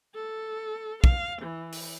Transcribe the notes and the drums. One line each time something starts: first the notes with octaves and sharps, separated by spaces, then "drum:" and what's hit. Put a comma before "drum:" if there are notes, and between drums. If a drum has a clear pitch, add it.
A4
F5, drum: kick
E3
drum: open hi-hat